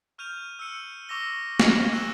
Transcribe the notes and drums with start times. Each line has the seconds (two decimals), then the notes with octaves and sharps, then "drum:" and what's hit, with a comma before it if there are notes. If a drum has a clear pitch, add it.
0.18 C#6 F6 G6 D#7 F7
0.59 E6 F6 C#7 D#7
1.09 C#6 D6 E6 A#6 G7
1.60 F6 A#6 E7, drum: snare
1.91 C#6 E6 F#6 G#6 D#7 F#7